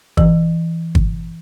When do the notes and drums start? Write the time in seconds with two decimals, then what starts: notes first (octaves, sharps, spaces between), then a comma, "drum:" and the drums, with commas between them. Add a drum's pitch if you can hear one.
0.17 E3, drum: kick
0.95 drum: kick